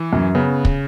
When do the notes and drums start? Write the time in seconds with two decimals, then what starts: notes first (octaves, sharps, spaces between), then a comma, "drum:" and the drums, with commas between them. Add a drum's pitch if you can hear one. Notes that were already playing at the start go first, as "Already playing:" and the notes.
Already playing: E3
0.13 F#2
0.35 C#3 B3
0.65 drum: kick